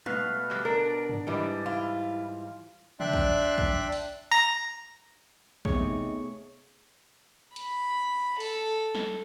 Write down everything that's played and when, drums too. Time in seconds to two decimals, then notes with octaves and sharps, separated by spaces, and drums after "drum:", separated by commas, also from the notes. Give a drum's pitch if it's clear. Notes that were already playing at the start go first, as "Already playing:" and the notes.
0.06 B2 A3 B4 F5, drum: tom
0.51 G3, drum: clap
0.65 D4 A#4 D5
1.09 drum: tom
1.27 G#2 E3 G3
1.66 E4 F4
3.00 D4 D5 E5 G5 C6 F#6, drum: tom
3.13 drum: kick
3.58 drum: kick
3.92 drum: open hi-hat
4.31 A#5 A#6
5.65 C3 A3 B3 D#4 G#4 C#5 C#6, drum: kick
7.56 B5, drum: hi-hat
8.40 A4, drum: open hi-hat
8.95 drum: snare